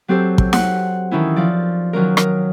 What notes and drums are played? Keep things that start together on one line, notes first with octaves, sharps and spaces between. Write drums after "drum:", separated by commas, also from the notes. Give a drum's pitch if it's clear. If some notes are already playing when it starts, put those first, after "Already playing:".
F#3 C4 G4 A4 C5
drum: kick
F#5, drum: snare
D#3 E3 C#4 E4
F3 D5
D#3 F#3 C#4 A#4
A#4, drum: rim click